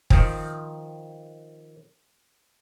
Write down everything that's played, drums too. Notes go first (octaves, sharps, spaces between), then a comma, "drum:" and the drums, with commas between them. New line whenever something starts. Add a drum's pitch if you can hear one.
D#3 F3 C4, drum: kick